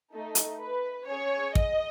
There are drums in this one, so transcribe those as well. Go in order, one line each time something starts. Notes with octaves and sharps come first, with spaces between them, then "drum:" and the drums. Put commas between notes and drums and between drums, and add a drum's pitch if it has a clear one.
A3 D#4 A4
drum: hi-hat
B4
C#4 G#4 C#5
D#5, drum: kick